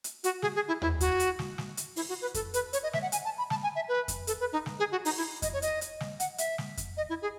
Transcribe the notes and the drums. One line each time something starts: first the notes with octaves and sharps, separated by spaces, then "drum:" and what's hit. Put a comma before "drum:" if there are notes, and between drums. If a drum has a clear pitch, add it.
drum: hi-hat
F#4, drum: hi-hat
G#4, drum: snare
G#4
E4
E4, drum: tom D#2
F#4, drum: kick F2, hi-hat
drum: hi-hat
drum: snare
drum: snare
drum: hi-hat
E4, drum: open hi-hat
F#4
B4
A4, drum: kick F2, hi-hat
B4, drum: hi-hat
C#5, drum: hi-hat
D#5
E5, drum: snare
F#5
G#5, drum: hi-hat
A5
B5
A5, drum: snare
G#5
E5
B4
drum: kick F2, hi-hat
A4, drum: hi-hat
B4
D#4
drum: snare
G#4
F#4
D#4, drum: open hi-hat
E4
D#5, drum: kick F2, hi-hat
C#5
D#5, drum: hi-hat
drum: hi-hat
drum: snare
F#5, drum: hi-hat
E5, drum: hi-hat
drum: snare
drum: kick F2, hi-hat
D#5
E4
G#4